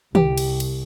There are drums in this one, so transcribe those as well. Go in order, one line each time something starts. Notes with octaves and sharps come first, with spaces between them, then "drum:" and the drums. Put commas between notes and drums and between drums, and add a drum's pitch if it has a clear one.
C2 G4, drum: tom
drum: cymbal
drum: cymbal